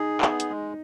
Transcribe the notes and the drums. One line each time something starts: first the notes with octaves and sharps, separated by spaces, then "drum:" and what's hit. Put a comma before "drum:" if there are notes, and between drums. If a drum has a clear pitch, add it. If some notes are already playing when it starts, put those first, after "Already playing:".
Already playing: D#4 G#4
B3, drum: clap
drum: hi-hat
G#3